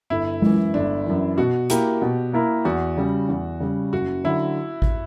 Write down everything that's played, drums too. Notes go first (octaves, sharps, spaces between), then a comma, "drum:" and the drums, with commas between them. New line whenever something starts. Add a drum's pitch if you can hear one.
G1 E4
F#2 E3, drum: tom G#3
G1 D4
F#2 E3
B2 F#4
A#3 E4 G4 A#4, drum: hi-hat
B2
A#3 E4 A#4
E2 F#4
C#3 G3
E2
C#3 G3
F#1 F#4
D3 F#3 E4
drum: kick A1